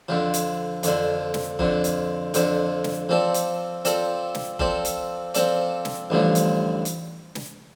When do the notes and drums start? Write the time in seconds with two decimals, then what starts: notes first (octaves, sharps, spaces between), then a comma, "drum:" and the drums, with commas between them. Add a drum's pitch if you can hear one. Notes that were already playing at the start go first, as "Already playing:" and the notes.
0.09 F2 D3 F3
0.34 drum: hi-hat
0.83 F2 D3 F3, drum: hi-hat
1.34 drum: snare
1.59 F2 D3 F3, drum: kick F#1
1.84 drum: hi-hat
2.34 F2 D3 F3, drum: hi-hat
2.84 drum: snare
3.09 F3 C4 A4 D5
3.34 drum: hi-hat
3.85 F3 C4 A4 D5, drum: hi-hat
4.35 drum: snare
4.59 F3 C4 A4 D5, drum: kick F#1
4.85 drum: hi-hat
5.34 F3 C4 A4 D5, drum: hi-hat
5.85 drum: snare
6.10 A1 G2 D3 F3
6.35 drum: hi-hat
6.85 drum: hi-hat
7.35 drum: snare